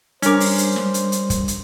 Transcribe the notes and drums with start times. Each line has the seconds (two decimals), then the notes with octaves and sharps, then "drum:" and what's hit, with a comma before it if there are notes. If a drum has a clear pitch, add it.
0.22 G3 C#4 D4 A#4 C5 D6, drum: hi-hat
0.40 drum: open hi-hat
0.58 drum: hi-hat
0.76 drum: snare
0.94 drum: hi-hat
1.12 drum: hi-hat
1.30 drum: kick, hi-hat
1.48 drum: hi-hat